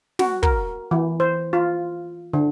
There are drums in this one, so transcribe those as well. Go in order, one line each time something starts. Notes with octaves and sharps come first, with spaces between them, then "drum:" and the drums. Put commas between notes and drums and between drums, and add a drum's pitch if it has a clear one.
F#4, drum: snare
A#4, drum: kick
E3
C5
F4
D3